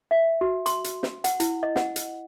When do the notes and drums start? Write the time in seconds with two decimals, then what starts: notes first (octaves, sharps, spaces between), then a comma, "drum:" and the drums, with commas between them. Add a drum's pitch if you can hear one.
0.11 E5
0.41 F#4
0.66 C6, drum: hi-hat
0.84 drum: hi-hat
1.03 drum: snare
1.24 F#5, drum: hi-hat
1.40 E4, drum: hi-hat
1.63 D#5
1.76 F#5, drum: snare
1.96 drum: hi-hat